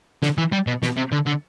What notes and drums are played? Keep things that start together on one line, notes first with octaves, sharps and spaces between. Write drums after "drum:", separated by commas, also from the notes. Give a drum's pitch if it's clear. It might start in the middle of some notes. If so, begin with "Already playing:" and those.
D3, drum: snare
E3
G3
B2
B2, drum: snare
C3
D3
D3